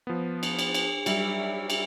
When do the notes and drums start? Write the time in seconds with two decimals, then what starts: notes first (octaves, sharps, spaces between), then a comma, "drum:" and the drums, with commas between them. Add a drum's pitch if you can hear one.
0.07 F3 B3
0.43 drum: cymbal
0.59 drum: cymbal
0.74 drum: cymbal
1.06 F#3 G3 E5, drum: cymbal
1.70 drum: cymbal